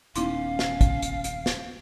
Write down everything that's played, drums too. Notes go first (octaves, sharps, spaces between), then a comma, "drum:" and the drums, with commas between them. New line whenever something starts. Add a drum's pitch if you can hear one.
D#1 B3 C#4 D#4 E4 F5 C6, drum: hi-hat
drum: snare
drum: kick, hi-hat
drum: hi-hat
drum: hi-hat
drum: snare